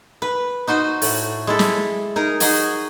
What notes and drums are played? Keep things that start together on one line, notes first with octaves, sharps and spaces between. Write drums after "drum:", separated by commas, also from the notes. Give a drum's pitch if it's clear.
B4
D#4 F#4 C5 D#5
A2 F#4, drum: open hi-hat
G#3 E4 A4
drum: snare
D#4 G#4 A#4
D#4 F#4 G#4 D#5 G#5, drum: open hi-hat